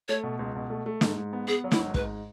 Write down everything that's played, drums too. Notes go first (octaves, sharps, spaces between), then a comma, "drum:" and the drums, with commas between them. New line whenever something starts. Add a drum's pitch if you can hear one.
A3 C#5
B2
C#2
B2
A3
A3
G#2, drum: snare
G#2
B3
B3 G#4
F#3
E4, drum: snare
G#1
G#2 B4, drum: kick